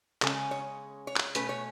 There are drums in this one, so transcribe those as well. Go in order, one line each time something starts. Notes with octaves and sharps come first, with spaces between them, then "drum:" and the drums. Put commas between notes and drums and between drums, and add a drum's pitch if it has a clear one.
C#3 G#3 C#4 A4, drum: clap
C#5
C#5
drum: clap
B2 A3 C#4 B4, drum: hi-hat
C#5